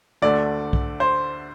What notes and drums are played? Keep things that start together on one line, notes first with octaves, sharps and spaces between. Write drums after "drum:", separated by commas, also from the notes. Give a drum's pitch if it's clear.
D2 D3 A3 D5
drum: kick B1
C5